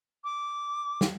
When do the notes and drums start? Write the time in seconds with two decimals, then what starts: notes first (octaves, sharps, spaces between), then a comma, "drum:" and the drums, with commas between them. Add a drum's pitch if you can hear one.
0.24 D6
1.01 drum: snare